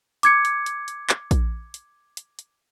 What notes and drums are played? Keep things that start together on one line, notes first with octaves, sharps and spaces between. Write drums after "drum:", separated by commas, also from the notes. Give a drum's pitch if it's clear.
D6 G#6 C#7, drum: hi-hat
drum: hi-hat
drum: hi-hat
drum: hi-hat
drum: clap
drum: kick A#1, hi-hat
drum: hi-hat
drum: hi-hat
drum: hi-hat